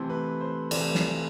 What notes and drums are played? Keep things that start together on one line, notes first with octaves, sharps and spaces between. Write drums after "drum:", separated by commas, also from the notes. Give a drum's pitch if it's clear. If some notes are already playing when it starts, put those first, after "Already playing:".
Already playing: C3 E3 A3 C4 A4
B4
C5
C3 E3 A3 C4 D5, drum: cymbal
drum: snare